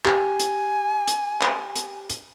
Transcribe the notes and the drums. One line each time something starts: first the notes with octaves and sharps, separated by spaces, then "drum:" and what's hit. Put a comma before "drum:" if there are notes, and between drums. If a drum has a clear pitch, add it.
G4 G#5, drum: clap
drum: hi-hat
drum: hi-hat
drum: clap
drum: hi-hat
drum: hi-hat